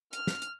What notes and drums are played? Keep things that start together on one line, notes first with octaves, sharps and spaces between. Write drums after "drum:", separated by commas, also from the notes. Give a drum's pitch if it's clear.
F6, drum: hi-hat
drum: snare
drum: hi-hat